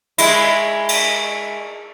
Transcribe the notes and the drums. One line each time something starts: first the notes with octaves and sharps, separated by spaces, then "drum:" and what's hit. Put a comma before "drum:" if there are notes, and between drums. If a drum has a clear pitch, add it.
G#3 E4, drum: cymbal
drum: cymbal